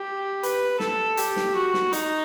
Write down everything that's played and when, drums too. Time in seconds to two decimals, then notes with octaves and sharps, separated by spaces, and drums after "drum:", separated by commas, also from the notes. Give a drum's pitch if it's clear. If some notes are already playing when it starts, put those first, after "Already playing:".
Already playing: G4
0.43 B4, drum: hi-hat
0.80 A4, drum: snare
1.17 G4, drum: hi-hat
1.36 drum: snare
1.55 F#4
1.74 drum: snare
1.93 D#4, drum: hi-hat